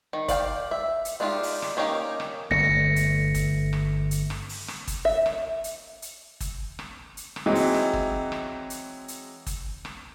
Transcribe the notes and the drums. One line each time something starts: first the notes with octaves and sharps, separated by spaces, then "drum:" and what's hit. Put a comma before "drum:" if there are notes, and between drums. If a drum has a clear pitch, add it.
D#3
D5 F5 G5, drum: kick, hi-hat
E5
drum: hi-hat
G#3 D4 D#4 F4 G4
drum: open hi-hat
drum: rim click
A#3 C#4 D#4 G4
drum: rim click
G1 A3 A#6 C#7
drum: hi-hat
drum: kick, hi-hat
drum: rim click
drum: hi-hat
drum: rim click
drum: open hi-hat
drum: rim click
drum: kick, hi-hat
E5
drum: rim click
drum: hi-hat
drum: hi-hat
drum: kick, hi-hat
drum: rim click
drum: hi-hat
drum: rim click
E3 F#3 G#3 C4 D#4
drum: open hi-hat
drum: rim click
drum: kick
drum: rim click
drum: hi-hat
drum: hi-hat
drum: kick, hi-hat
drum: rim click